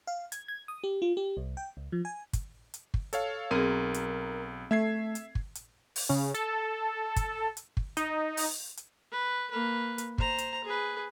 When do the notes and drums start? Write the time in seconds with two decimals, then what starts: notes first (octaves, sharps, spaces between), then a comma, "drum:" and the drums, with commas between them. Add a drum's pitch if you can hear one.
0.07 F5
0.32 G#6, drum: hi-hat
0.48 G#6
0.68 D#6
0.84 G4
1.02 F4
1.17 G4
1.37 C2
1.57 G5
1.77 C#2
1.92 F3
2.05 G#5
2.33 drum: kick, hi-hat
2.74 drum: hi-hat
2.94 drum: kick
3.13 A4 C#5 F5, drum: hi-hat
3.51 B1 C4 G#4 A#4 D#7
3.94 drum: hi-hat
4.71 A3 E5 G#6 C7
5.15 drum: hi-hat
5.35 drum: kick
5.55 drum: hi-hat
5.96 drum: open hi-hat
6.09 C#3
6.34 A4, drum: hi-hat
7.16 drum: kick, hi-hat
7.57 drum: hi-hat
7.77 drum: kick
7.97 D#4, drum: hi-hat
8.37 drum: open hi-hat
8.77 drum: hi-hat
9.12 B4
9.51 A#3 B4
9.98 drum: hi-hat
10.18 C5 A#5, drum: kick
10.38 drum: hi-hat
10.64 G#4 B4